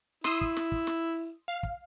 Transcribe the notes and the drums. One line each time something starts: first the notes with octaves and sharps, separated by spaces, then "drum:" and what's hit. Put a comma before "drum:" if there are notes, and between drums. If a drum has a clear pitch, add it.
E4 C6 D#6 E6, drum: snare
drum: kick
drum: snare
drum: kick
drum: snare
F5
drum: kick